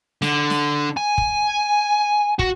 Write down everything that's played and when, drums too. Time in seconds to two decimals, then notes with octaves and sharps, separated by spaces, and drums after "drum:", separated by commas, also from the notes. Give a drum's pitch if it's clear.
0.22 D3, drum: snare
0.50 drum: snare
0.97 G#5
1.18 drum: kick
2.39 F#4, drum: kick